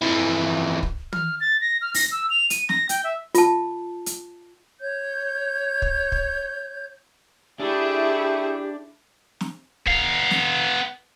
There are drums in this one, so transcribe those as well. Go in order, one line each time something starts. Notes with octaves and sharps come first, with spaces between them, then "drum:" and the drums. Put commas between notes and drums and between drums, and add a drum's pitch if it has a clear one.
F2 E3
drum: kick
F6, drum: tom
A6
A#6
F6
A#6, drum: open hi-hat
E6
F7
D#7, drum: hi-hat
A#6, drum: snare
G5, drum: hi-hat
E5
F4 A5, drum: hi-hat
drum: hi-hat
C#5 G6
drum: kick
drum: kick
A3 D4 E4 G4 G#4 E5
drum: snare
B3 F5, drum: kick
drum: snare